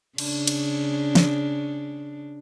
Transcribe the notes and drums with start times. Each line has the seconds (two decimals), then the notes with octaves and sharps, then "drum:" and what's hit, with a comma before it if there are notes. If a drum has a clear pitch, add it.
0.18 C#3 D4, drum: cymbal
0.47 drum: cymbal
1.15 drum: snare